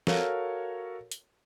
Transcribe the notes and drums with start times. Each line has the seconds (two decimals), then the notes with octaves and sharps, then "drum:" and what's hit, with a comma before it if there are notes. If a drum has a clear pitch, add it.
0.07 F#4 A4 A#4 C#5 F5, drum: snare
1.12 drum: hi-hat